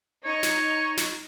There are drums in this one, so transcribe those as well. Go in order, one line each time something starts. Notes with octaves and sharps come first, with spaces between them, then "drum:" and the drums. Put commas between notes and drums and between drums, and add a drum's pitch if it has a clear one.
D#4 C#5
drum: snare
drum: snare